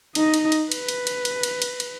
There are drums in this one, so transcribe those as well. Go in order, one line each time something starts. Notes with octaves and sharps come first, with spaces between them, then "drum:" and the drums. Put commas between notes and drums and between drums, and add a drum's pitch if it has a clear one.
D#4 D#5, drum: cymbal
drum: cymbal
drum: cymbal
B4, drum: cymbal
drum: cymbal
drum: cymbal
drum: cymbal
drum: cymbal
drum: cymbal
drum: cymbal